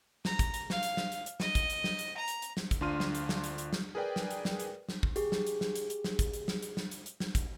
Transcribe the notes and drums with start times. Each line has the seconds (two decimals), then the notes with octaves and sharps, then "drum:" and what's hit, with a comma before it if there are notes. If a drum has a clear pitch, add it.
0.25 A#5, drum: snare
0.39 drum: kick, hi-hat
0.54 drum: hi-hat
0.70 F5, drum: snare
0.83 drum: hi-hat
0.97 drum: snare
1.12 drum: hi-hat
1.26 drum: hi-hat
1.40 D#5, drum: snare
1.55 drum: kick, hi-hat
1.70 drum: hi-hat
1.84 drum: snare
1.99 drum: hi-hat
2.17 A#5
2.28 drum: hi-hat
2.42 drum: hi-hat
2.57 drum: snare
2.71 drum: kick, hi-hat
2.81 D2 D4 F4 C6 F6 D#7
3.00 drum: snare
3.15 drum: hi-hat
3.29 drum: snare
3.44 drum: hi-hat
3.58 drum: hi-hat
3.73 drum: snare
3.95 G#4 A#4 B4 D5 G5
4.16 drum: snare
4.31 drum: hi-hat
4.45 drum: snare
4.60 drum: hi-hat
4.89 drum: snare
5.03 drum: kick
5.16 G4 G#4, drum: hi-hat
5.32 drum: snare
5.47 drum: hi-hat
5.61 drum: snare
5.75 drum: hi-hat
5.90 drum: hi-hat
6.04 drum: snare
6.19 drum: kick, hi-hat
6.33 drum: hi-hat
6.48 drum: snare
6.62 drum: hi-hat
6.77 drum: snare
6.91 drum: hi-hat
7.06 drum: hi-hat
7.20 drum: snare
7.35 drum: kick, hi-hat